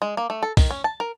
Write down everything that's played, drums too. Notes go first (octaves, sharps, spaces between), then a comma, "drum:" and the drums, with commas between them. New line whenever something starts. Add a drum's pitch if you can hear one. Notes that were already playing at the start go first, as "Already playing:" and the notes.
G#3
A#3
A3
A4
D#3, drum: kick B1, open hi-hat
C#4
A5
A#4